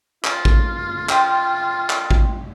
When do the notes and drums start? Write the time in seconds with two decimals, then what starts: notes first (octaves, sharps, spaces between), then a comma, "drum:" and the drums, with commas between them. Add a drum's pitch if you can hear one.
0.25 F4, drum: clap
0.45 drum: kick A1
1.09 G5 C6, drum: clap
1.90 drum: clap
2.11 drum: kick A1